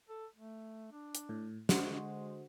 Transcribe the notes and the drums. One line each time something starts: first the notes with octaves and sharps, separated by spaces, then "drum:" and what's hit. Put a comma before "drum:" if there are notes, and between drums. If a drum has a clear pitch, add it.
A4
A3
D4
drum: hi-hat
A2
D3 G#3 F#4 C5, drum: snare